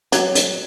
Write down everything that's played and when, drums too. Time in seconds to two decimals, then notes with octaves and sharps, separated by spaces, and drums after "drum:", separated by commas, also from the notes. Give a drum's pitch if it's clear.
0.12 F#3, drum: hi-hat
0.35 drum: hi-hat